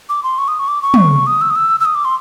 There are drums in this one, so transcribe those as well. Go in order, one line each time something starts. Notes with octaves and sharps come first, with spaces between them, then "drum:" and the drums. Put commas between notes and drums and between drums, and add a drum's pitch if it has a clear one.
D6
C6
C#6
D#6
C#6
D6
C#6
drum: tom
D#6
E6
D#6
E6
E6
D#6
D6
C6